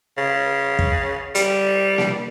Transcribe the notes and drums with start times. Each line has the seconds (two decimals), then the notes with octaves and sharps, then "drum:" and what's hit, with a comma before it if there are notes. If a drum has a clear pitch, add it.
0.18 C#3
0.79 drum: kick
1.35 G3, drum: hi-hat
1.98 drum: snare A#3